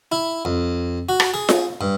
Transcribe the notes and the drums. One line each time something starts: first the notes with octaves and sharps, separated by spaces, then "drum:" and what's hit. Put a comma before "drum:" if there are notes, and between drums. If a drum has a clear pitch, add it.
E4
F2
F#4
drum: rim click
G#4
drum: snare F4
G2